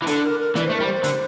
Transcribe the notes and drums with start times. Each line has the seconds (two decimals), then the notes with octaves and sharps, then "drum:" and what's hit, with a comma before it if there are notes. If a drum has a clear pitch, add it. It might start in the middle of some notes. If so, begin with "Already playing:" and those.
0.02 E3
0.07 D3 A4, drum: hi-hat
0.23 A#4
0.40 A#4
0.55 E3 D5, drum: snare
0.65 A3 C5
0.76 G3 A#4
0.85 C5
1.04 D3, drum: hi-hat